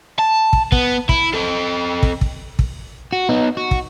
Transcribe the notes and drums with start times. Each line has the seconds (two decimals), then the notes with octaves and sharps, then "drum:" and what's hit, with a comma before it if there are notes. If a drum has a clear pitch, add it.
0.19 A5
0.53 drum: kick
0.72 B3, drum: kick
1.09 E4, drum: kick
1.34 C4 A4
2.03 drum: kick
2.21 drum: kick
2.59 drum: kick
3.12 F#4
3.29 B3 D#4
3.57 F#4
3.71 drum: kick